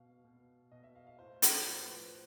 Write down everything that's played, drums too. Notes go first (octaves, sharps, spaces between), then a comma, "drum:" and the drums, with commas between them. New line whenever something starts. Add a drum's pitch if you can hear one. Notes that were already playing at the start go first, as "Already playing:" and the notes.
Already playing: B2 F5
B2
B2 D#5
E5
F5
F5
A2 C5
F3, drum: hi-hat
A2 C5
B4
F3
C5